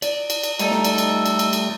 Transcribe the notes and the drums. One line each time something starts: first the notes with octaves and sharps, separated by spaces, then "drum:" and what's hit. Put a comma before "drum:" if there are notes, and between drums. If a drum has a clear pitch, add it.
D5, drum: cymbal
drum: cymbal
drum: cymbal
G3 A3 D#4 A4, drum: cymbal
drum: snare
drum: cymbal
drum: cymbal
drum: cymbal
drum: cymbal
drum: cymbal